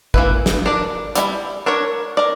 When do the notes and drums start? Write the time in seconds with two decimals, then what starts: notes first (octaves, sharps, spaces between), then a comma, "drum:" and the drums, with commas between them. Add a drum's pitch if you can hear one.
0.14 E3 A#3 E4 B4, drum: kick
0.46 drum: snare
0.66 D4 A#4 D5
1.15 G3 C#4 E4, drum: hi-hat
1.66 D4 A#4 C#5
2.17 A#4 D5